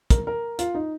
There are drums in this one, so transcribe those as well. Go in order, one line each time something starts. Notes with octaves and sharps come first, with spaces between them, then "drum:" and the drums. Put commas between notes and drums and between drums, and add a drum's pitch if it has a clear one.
A#4, drum: kick, hi-hat
A#4
F4, drum: hi-hat
D#4